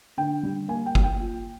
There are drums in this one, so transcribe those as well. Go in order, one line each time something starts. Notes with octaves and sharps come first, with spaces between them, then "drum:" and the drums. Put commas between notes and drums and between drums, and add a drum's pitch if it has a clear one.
D3 G5
G3
A#3 G#5
G5
A#3, drum: kick G1
G5
F4